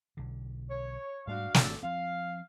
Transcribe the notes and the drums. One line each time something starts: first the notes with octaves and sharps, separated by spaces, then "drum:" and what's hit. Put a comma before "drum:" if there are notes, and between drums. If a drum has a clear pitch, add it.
B1 D3
C#5
G#2 G3 A3 D4 F#4 F5
G#1 C3 C4 D4 F#4 A4, drum: snare
F3 C4 F5